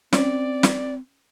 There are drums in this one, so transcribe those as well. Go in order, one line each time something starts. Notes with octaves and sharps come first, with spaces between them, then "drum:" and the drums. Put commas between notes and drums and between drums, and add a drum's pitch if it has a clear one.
C4 C#4 D5, drum: snare
drum: snare